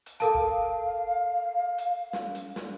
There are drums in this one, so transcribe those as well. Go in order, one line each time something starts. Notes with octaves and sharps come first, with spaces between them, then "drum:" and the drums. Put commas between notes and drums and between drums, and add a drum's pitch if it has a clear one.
drum: hi-hat
A4 A#4 F5 A5, drum: hi-hat
drum: kick
drum: hi-hat
drum: snare
drum: hi-hat
drum: snare